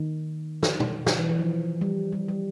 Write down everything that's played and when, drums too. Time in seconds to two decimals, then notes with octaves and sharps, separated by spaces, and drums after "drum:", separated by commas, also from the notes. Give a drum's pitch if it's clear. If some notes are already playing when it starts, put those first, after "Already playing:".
Already playing: D#3
0.63 drum: snare
0.80 drum: tom B2
1.06 drum: snare
1.18 E3
1.29 E3
1.39 F3
1.81 G3
2.12 G3
2.28 G3